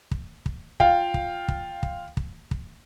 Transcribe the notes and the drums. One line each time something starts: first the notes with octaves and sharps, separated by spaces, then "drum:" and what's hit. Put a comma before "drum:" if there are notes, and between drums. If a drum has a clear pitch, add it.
drum: kick
drum: kick
F4 F5 G5, drum: kick
drum: kick
drum: kick
drum: kick
drum: kick
drum: kick